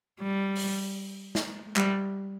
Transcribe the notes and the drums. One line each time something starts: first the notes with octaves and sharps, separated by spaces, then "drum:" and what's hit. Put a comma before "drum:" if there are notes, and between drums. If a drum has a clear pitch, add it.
G3
drum: open hi-hat
drum: snare
G3, drum: clap